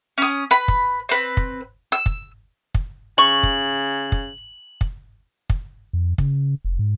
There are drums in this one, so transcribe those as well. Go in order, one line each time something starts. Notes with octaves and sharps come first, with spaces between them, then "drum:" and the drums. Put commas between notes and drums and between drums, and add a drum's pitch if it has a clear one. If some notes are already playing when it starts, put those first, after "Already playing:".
C#4 D#6
B4 B5
drum: kick
C4 B4
drum: kick
E6
drum: kick
drum: kick
C#3 C#6 F#7
drum: kick
drum: kick
drum: kick
drum: kick
F2
C#3, drum: kick
F1
G#2